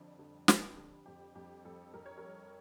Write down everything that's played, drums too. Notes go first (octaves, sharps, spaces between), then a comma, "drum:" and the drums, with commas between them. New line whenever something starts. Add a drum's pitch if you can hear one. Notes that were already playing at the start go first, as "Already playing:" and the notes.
Already playing: F2 D3 G3 D5
D3
G3, drum: snare
D3
F2 G4
F2 G4
F2 A4
F2 A#4
C#5
A#4
G3